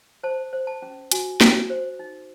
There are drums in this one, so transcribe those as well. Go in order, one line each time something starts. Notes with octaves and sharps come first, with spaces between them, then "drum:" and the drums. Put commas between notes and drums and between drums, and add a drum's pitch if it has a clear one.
C5 A5
C5
A5
C#4
F#4 G#5, drum: hi-hat
F#4, drum: snare
C5
D#4